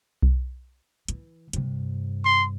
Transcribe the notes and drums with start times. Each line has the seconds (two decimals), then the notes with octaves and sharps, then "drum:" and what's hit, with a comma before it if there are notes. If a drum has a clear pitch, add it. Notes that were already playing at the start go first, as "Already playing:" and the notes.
0.22 drum: kick B1
1.08 E3, drum: hi-hat
1.53 G2 C3, drum: hi-hat
2.25 C6